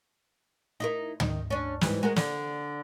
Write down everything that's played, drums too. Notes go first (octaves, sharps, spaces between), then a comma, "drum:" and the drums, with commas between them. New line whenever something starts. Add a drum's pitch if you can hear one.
D#4 E4 A#4
D#3, drum: tom
C#4 D4
G#2 E3 G3, drum: snare
G#3 F#4 A#4
D3, drum: snare